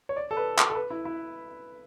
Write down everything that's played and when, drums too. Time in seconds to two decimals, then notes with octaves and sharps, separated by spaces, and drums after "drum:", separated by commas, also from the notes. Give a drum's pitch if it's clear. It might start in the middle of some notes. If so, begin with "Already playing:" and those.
0.09 C#5
0.16 D5
0.31 A4
0.37 B4
0.58 drum: clap
0.70 A4
0.75 B4
0.90 E4
1.05 E4